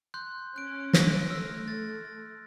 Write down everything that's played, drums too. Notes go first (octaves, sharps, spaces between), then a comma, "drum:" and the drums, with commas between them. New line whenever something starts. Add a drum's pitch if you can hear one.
C6 F#6 G6
C#4 F#6 D7
A#6 D7, drum: snare
A3 E6 F6
A6